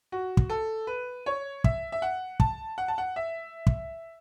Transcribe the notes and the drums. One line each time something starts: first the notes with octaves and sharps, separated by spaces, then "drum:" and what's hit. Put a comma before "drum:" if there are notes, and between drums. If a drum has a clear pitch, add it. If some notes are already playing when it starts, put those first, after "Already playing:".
F#4
drum: kick
A4
B4
C#5
E5, drum: kick
E5
F#5
A5, drum: kick
F#5
A5
F#5
E5
drum: kick